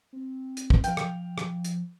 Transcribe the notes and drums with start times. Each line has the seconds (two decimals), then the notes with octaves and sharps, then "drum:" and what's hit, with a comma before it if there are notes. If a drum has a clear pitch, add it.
0.13 C4
0.57 drum: hi-hat
0.70 drum: kick
0.84 F3 F5 G5, drum: hi-hat
0.97 drum: rim click
1.38 drum: rim click
1.65 drum: hi-hat